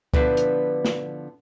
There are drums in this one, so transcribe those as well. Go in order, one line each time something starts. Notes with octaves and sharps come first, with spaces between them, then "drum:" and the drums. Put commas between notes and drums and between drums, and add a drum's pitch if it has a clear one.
D3 F3 B3 D4 E4 B4, drum: kick C#2
drum: hi-hat
drum: snare